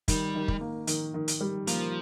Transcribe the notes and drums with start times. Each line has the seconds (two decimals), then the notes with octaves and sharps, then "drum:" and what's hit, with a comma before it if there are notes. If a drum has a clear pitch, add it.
0.08 D#3 G3, drum: kick, hi-hat
0.35 D#3
0.48 drum: kick
0.61 A#3
0.87 D#3, drum: hi-hat
1.14 D#3
1.28 drum: hi-hat
1.41 G3
1.67 F3 A#3, drum: hi-hat